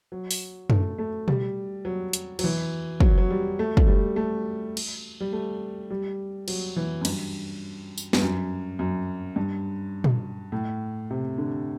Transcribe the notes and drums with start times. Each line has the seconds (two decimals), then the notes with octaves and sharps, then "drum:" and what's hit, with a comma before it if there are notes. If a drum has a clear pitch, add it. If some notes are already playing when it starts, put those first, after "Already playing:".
0.12 F#3
0.31 drum: open hi-hat
0.70 A3, drum: tom F#2
0.98 A3
1.28 G3, drum: tom B2
1.85 F#3
2.13 drum: hi-hat
2.39 F#3, drum: cymbal
2.44 E3
3.00 F#3, drum: kick
3.18 F#3
3.30 G3
3.59 A3
3.77 A3, drum: kick
3.87 G3
4.16 A3
4.77 drum: cymbal
5.21 G3
5.33 A3
5.91 G3
6.48 F#3, drum: cymbal
6.76 E3
7.01 F#2
7.05 G2, drum: cymbal
7.98 drum: tambourine
8.13 G2, drum: snare
8.22 F#2
8.79 F#2
9.36 G2
10.04 drum: tom A#2
10.52 A2
11.11 C3
11.38 D3